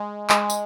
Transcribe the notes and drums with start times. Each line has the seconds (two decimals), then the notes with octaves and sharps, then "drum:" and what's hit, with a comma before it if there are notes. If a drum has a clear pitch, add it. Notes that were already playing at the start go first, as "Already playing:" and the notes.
Already playing: G#3
0.30 G#3, drum: clap
0.50 drum: tambourine